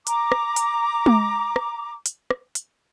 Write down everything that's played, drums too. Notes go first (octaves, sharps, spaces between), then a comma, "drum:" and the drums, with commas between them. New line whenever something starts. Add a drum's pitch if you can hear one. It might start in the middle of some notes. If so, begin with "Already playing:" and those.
A#5 D6, drum: hi-hat
drum: rim click
drum: hi-hat
drum: tom G#3
drum: rim click
drum: hi-hat
drum: rim click
drum: hi-hat